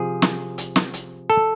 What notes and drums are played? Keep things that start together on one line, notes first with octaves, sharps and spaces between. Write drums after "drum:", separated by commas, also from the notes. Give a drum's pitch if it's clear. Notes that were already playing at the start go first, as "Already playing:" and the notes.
Already playing: C3 F3 G#4
drum: snare
drum: hi-hat
drum: snare
drum: hi-hat
A4